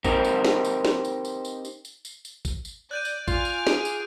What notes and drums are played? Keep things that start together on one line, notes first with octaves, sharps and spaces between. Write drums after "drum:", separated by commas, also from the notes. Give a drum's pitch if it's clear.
C4 D#4 G4 A#4 C5, drum: kick G#1, tambourine
drum: tambourine
drum: snare
drum: tambourine
drum: snare
drum: tambourine
drum: tambourine
drum: tambourine
drum: tambourine
drum: tambourine
drum: tambourine
drum: tambourine
drum: kick G#1, tambourine
drum: tambourine
D5 F#6 G6 D#7
drum: tambourine
F4 G#5 D6 F6, drum: kick G#1, tambourine
drum: tambourine
G#4 D7 D#7, drum: snare
drum: tambourine